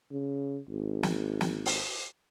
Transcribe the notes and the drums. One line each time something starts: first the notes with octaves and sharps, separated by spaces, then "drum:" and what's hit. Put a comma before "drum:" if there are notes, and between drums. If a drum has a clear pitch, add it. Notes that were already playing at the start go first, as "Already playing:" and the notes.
C#3
G#1
drum: snare
drum: snare
drum: open hi-hat